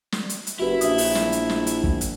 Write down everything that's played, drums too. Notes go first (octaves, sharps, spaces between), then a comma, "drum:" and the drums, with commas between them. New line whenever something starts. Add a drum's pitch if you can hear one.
drum: snare
drum: hi-hat
drum: hi-hat
F#1 E4 F#4 G4 B4
A#1 E5 D#6, drum: hi-hat
drum: open hi-hat
drum: snare
drum: hi-hat
drum: snare
drum: hi-hat
drum: kick
drum: hi-hat